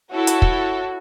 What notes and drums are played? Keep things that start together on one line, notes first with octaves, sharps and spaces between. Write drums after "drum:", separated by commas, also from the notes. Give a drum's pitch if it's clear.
E4 F#4 A4 C#5
drum: hi-hat
drum: kick